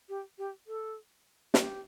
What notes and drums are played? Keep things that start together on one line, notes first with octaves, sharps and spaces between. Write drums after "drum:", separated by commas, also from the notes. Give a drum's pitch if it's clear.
G4
G4
A4
G4, drum: snare